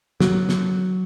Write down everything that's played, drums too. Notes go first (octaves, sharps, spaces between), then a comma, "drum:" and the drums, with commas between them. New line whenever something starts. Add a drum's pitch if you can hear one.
F#3, drum: snare
drum: snare